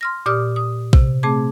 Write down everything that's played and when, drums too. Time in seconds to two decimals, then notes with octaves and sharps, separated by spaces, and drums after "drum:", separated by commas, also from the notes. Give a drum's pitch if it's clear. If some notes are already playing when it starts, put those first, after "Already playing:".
0.01 C6 F6 A#6
0.26 A#2 G4 D5 D6 D#6 F6
0.56 D#6
0.93 C3, drum: kick A#1
1.23 A3 C4 G#4 A5 D6 G#6